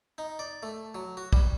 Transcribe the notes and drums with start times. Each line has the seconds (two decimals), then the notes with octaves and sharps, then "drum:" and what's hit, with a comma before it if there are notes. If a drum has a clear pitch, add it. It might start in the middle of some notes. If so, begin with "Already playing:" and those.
0.18 D#4
0.39 D5
0.63 A3
0.95 F#3
1.17 F#4
1.33 G3, drum: kick